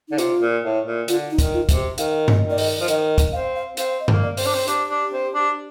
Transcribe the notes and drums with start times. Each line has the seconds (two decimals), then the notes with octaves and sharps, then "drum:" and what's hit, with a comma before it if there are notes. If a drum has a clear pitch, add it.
0.08 D3 D#4
0.18 C3 F4, drum: hi-hat
0.41 A#2
0.64 A2
0.86 A#2
1.08 D3 F4, drum: hi-hat
1.30 D#4
1.38 D#3, drum: kick, hi-hat
1.54 F4
1.69 C3, drum: kick, hi-hat
1.75 G4
1.98 D#3 F5, drum: hi-hat
2.28 D#5, drum: tom G2
2.43 D#3
2.50 D5
2.58 D#5, drum: open hi-hat
2.80 F3
2.88 D#3 D#5, drum: hi-hat
3.18 drum: kick, hi-hat
3.32 C4 F5
3.56 F5
3.77 C4 F5, drum: hi-hat
4.00 D#5
4.08 A#3, drum: tom G2
4.23 D5
4.37 C4, drum: open hi-hat
4.45 D4 C5
4.54 C4
4.68 D4 G4, drum: hi-hat
4.90 D4
5.13 C4
5.34 D4